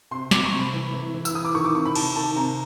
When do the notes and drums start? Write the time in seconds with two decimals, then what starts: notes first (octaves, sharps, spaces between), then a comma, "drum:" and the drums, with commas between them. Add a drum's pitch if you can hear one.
0.11 C3 C6
0.31 C3 D6, drum: snare
0.45 C#6
0.52 C3
0.59 B5
0.73 E3
0.93 E3
1.14 E3
1.25 E6, drum: tambourine
1.34 E3 D#6
1.45 D6
1.54 D#3 C#6
1.65 D6
1.75 C3 C#6
1.86 B5
1.95 C3 A5, drum: cymbal
2.16 D#3 A5
2.36 C3 A#5